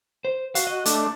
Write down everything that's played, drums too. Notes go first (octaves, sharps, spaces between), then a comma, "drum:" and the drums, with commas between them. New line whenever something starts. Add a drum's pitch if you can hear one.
C5
F#4 F5, drum: hi-hat
D#5
A3 D4, drum: hi-hat